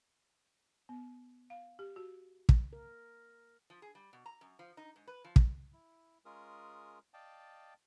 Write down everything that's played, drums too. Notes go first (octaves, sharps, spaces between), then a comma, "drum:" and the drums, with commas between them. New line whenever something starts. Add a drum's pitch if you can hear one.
B3
F5
G4
F#4
drum: kick
A#4
F3
G#4
G3
B2
A#5
F#2
F3
D#4
G#2
B4
F3
drum: kick
E4
G#3 C#4 F4 G#4 A#4 D#6
D5 D#5 F5 G5 A5